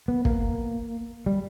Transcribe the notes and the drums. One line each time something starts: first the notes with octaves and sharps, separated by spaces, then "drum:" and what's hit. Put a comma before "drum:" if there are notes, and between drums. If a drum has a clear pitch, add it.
B3
A#3, drum: kick
G3